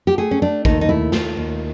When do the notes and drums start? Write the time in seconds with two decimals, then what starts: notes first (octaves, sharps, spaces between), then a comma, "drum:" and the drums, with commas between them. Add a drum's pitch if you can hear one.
0.07 G4
0.18 A3 G#4
0.31 C#4
0.42 A3 D4
0.65 D#2 D#4, drum: kick A1
0.81 D#4
0.89 A3 E4
1.12 D#2 F4, drum: snare
1.37 D#2